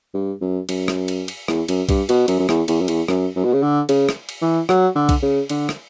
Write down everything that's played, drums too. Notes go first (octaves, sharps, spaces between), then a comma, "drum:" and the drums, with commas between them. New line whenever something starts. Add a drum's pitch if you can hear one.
G2
F#2
F#2, drum: cymbal
drum: rim click
drum: cymbal
drum: cymbal
E2, drum: rim click
F#2, drum: cymbal
G2, drum: kick B1, cymbal
B2, drum: cymbal
F#2, drum: cymbal
F#2
E2, drum: rim click
E2, drum: cymbal
F#2
E2, drum: cymbal
F#2, drum: rim click
F#2
B2
C#3
D3
C#3, drum: cymbal
drum: rim click
drum: cymbal
E3
F#3, drum: rim click
D3
drum: kick B1, cymbal
C#3
D3, drum: cymbal
drum: rim click